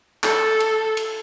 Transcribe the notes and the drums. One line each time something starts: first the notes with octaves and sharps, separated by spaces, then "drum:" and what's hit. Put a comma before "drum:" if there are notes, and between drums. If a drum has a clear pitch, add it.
A4, drum: clap
drum: cymbal
drum: cymbal